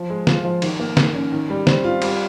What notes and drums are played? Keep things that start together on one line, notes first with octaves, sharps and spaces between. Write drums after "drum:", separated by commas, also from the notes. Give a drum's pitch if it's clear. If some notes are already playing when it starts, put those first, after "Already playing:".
Already playing: F3
G#3
F4, drum: snare
F3
D#3, drum: cymbal
A#3
D#3, drum: snare
C#4
D#3
G3
C4, drum: snare
F4
G3, drum: cymbal